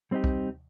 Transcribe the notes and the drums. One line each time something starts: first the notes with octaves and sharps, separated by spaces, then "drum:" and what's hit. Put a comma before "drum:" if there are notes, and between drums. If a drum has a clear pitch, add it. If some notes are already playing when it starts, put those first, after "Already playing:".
G3 C4 D#4 G4
drum: kick B1